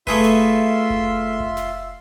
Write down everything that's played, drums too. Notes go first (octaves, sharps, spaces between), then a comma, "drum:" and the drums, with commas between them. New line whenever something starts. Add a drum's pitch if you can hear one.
A3 F4 G#4 B4 E5 C6, drum: kick F1
drum: snare
drum: kick F1
drum: kick F1
drum: snare